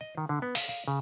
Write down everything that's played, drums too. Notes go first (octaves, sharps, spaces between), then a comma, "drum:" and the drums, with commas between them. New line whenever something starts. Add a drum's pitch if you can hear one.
D#5
D#3
D3
B3
F5, drum: open hi-hat
F5
C#3